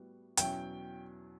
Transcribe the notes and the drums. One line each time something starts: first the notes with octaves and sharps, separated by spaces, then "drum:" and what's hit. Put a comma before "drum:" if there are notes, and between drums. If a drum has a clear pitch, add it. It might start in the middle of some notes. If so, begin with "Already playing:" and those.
Already playing: A2 G3 B3 F#4
E2 B2 F#3 C#4 E4 G5, drum: hi-hat